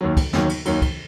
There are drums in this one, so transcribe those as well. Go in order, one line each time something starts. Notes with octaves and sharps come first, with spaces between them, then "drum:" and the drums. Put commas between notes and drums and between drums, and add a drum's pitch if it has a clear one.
D#2 D#3 F#3
drum: kick, cymbal
D#2 D#3 F#3, drum: snare
drum: cymbal
D#2 D#3 F#3, drum: cymbal
drum: kick, cymbal